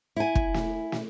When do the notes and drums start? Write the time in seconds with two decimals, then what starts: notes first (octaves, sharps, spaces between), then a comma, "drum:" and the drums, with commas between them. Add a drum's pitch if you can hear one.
0.16 E4 G#5
0.35 drum: kick
0.54 drum: snare
0.92 drum: snare